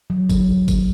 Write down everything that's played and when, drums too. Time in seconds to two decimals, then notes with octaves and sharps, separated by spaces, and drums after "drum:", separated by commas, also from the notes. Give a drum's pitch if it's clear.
0.10 F#3
0.30 F#3, drum: kick G1, tambourine
0.68 drum: kick G1, tambourine